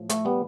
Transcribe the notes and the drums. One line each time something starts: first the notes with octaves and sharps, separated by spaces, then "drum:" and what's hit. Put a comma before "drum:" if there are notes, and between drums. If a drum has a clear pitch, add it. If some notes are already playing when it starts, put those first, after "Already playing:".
Already playing: A2 F3
A3, drum: hi-hat
G3 B3